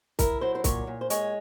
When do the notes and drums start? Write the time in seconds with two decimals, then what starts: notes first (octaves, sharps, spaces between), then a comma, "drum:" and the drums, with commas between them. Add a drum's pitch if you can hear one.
0.19 E4 A#4, drum: kick, hi-hat
0.41 F#3 C5
0.55 C5
0.64 A#2 C#5, drum: kick, hi-hat
0.87 A#2
1.01 C5
1.10 G#3 C#5, drum: hi-hat